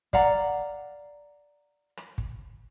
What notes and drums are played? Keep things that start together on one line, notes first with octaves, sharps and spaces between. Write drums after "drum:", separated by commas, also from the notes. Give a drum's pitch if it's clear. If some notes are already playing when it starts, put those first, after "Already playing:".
D5 F5 F#5 A#5, drum: kick
drum: rim click
drum: kick